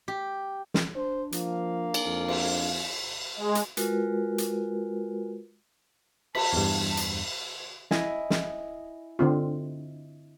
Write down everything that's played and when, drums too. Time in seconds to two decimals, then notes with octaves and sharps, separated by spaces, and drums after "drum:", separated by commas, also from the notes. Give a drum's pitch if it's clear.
0.08 G4
0.74 drum: snare
0.95 D4 C5
1.32 F3 A#3 F5, drum: hi-hat
1.94 drum: cymbal
2.06 F2
2.28 drum: cymbal
3.37 G#3
3.55 drum: hi-hat
3.77 G#3 F4 F#4 A#4 B4, drum: hi-hat
4.38 drum: hi-hat
6.35 A5 B5, drum: cymbal
6.53 E2 G2
6.97 drum: hi-hat
7.91 E4 D#5 G#5, drum: snare
8.30 drum: snare
9.19 D3 C4 F4